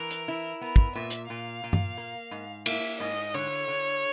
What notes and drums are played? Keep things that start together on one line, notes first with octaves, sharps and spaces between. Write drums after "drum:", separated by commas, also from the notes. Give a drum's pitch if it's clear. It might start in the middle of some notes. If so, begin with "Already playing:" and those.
Already playing: E3 A#4
drum: hi-hat
E4
B3 A#4
drum: kick
A#2 E5
drum: hi-hat
A#2 F5
A#2
drum: tom G2
A#3
G#2
A#3 E5, drum: cymbal
G#2 D#5
D3 C#5
D3